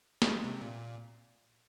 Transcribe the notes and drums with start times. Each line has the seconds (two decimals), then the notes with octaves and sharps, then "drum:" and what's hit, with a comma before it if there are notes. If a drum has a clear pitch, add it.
0.22 A#3, drum: snare
0.27 G#3
0.44 C3
0.61 A#2